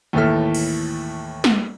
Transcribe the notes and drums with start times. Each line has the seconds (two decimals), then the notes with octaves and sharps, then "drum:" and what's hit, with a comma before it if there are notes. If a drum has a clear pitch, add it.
0.13 D#2 A2 E3 A4 E5 F6
0.55 drum: cymbal
1.44 drum: snare